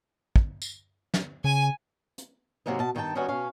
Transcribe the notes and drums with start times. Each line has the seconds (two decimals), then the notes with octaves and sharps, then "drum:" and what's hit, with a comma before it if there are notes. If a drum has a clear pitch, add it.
0.36 drum: kick
0.62 drum: tambourine
1.14 drum: snare
1.44 C#3 G#5
2.18 drum: hi-hat
2.66 G#2 C3 D#3 F#3 A#3 D#4
2.79 B2 A5
2.95 G2 D#3 F#4 G4 G5 A5
3.15 D#3 G3 B3 C#4 F#4 G#5
3.28 B2 C#4 C#5 F5